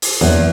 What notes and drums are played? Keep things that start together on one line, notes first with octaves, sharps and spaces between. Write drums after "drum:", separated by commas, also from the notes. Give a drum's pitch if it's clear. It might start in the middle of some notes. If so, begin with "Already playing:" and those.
drum: open hi-hat
E2